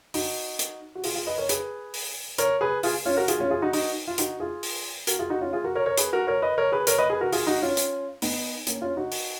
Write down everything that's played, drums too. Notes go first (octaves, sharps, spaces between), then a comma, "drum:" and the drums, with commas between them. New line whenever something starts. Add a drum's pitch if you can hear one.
D#4 F#4, drum: open hi-hat
drum: hi-hat
F#4
F4 G#4, drum: open hi-hat
F4 G#4
B4 D#5
A#4 C#5
G#4 B4, drum: hi-hat
drum: open hi-hat
A#4 C#5, drum: hi-hat
G#4 B4
F4 G#4, drum: open hi-hat
C#4 F4
F#4 A#4
F4 G#4, drum: hi-hat
C#4 F4
F4 G#4
D#4 F#4
D#4 F#4, drum: open hi-hat
F4
D#4 F#4, drum: hi-hat
F4 G#4
drum: open hi-hat
F#4 A#4, drum: hi-hat
F4 G#4
D#4 F#4
C#4 F4
F4 G#4
F#4 A#4
A#4 C#5
A#4 C#5
G#4 B4, drum: hi-hat
F#4 A#4
A#4 C#5
B4 D#5
A#4 C#5
G#4 B4
A#4 C#5, drum: hi-hat
B4 D#5
G#4 B4
F#4 A#4
F4 G#4, drum: open hi-hat
D#4 F#4
C#4 F4
drum: hi-hat
B3 D#4, drum: open hi-hat
A#3 C#4, drum: hi-hat
C#4 F4
D#4 F#4
drum: open hi-hat